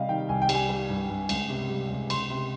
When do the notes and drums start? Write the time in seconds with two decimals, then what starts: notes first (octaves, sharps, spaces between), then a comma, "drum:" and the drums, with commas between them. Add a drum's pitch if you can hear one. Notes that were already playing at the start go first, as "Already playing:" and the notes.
Already playing: C3 G3 D#5 F5
0.09 D#3 G5
0.29 C2 G#5
0.42 G5
0.49 G3, drum: cymbal
0.55 G#5
0.69 G3
0.90 G2
1.10 G2
1.29 C#2, drum: cymbal
1.50 C3
1.70 G3
1.90 C#2
2.10 C#2 C6, drum: cymbal
2.30 C3